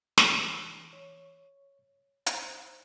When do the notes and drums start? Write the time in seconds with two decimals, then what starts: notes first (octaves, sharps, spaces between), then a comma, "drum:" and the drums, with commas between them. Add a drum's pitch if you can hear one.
0.18 E3, drum: snare
0.93 C#5
2.26 C5, drum: hi-hat